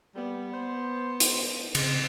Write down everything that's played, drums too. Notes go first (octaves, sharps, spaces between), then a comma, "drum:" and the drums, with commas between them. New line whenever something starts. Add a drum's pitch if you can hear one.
G3 B3
C5
drum: hi-hat
C#3 G#3 C4, drum: cymbal